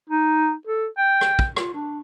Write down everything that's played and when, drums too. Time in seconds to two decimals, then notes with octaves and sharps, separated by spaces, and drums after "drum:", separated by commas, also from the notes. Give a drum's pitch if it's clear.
0.09 D#4
0.67 A4
0.98 G5
1.21 drum: rim click
1.39 drum: kick
1.56 F4, drum: rim click
1.74 D4